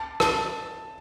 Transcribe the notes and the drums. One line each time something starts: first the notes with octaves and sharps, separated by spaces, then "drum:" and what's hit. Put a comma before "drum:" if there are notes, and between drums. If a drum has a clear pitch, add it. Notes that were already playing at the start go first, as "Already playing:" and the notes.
Already playing: A5
A5, drum: rim click